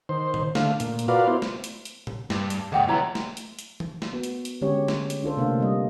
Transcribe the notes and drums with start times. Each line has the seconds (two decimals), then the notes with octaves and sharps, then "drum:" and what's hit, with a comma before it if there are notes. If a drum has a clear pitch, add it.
0.09 D#3 C5
0.34 drum: tom A2
0.55 D3 A3 F5, drum: snare
0.80 A#2, drum: hi-hat
0.99 drum: hi-hat
1.08 F4 F#4 A#4 B4 D5 F5
1.28 B3 E4 C5
1.42 drum: snare
1.64 drum: hi-hat
1.85 drum: hi-hat
2.07 drum: tom A2
2.30 G2, drum: snare
2.50 drum: hi-hat
2.72 D#2 G#2 D#5 F#5 G5
2.88 F3 B3 E4 C#5 A#5
3.15 drum: snare
3.37 drum: hi-hat
3.59 drum: hi-hat
3.80 drum: tom E3
4.02 drum: snare
4.13 B3 F#4
4.23 drum: hi-hat
4.45 drum: hi-hat
4.61 D3 G#3 C#4 G4 C#5
4.88 drum: snare
5.10 drum: hi-hat
5.23 D4 F4 A4 C5
5.37 C3 A3 A#3 D4 F5
5.60 G3 D#5